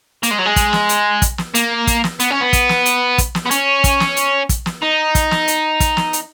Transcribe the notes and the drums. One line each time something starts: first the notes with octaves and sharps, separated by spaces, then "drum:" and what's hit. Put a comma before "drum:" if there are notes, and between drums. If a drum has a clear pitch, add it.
A#3, drum: hi-hat
G#3
F#3
G#3
drum: kick, hi-hat
drum: snare
drum: hi-hat
drum: kick, hi-hat
drum: snare
A#3, drum: hi-hat
drum: kick, hi-hat
drum: snare
B3, drum: hi-hat
C#4
B3
drum: kick, hi-hat
drum: snare
drum: hi-hat
drum: kick, hi-hat
drum: snare
B3
C#4, drum: hi-hat
drum: kick, hi-hat
drum: snare
drum: hi-hat
drum: kick, hi-hat
drum: snare
D#4
drum: kick, hi-hat
drum: snare
drum: hi-hat
drum: kick, hi-hat
drum: snare
drum: hi-hat